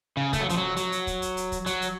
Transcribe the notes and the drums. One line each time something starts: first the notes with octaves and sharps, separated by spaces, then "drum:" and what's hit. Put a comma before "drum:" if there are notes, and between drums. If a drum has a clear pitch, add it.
C#3
A3, drum: kick, hi-hat
F#3
F3, drum: hi-hat
F#3
F#3, drum: hi-hat
drum: hi-hat
drum: kick, hi-hat
drum: hi-hat
drum: hi-hat
drum: kick, hi-hat
F#3, drum: hi-hat
drum: hi-hat